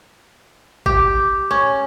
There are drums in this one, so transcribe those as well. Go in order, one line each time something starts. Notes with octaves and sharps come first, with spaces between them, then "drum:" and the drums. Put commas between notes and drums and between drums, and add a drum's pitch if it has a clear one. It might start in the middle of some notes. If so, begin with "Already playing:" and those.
G4, drum: kick G#1
C#4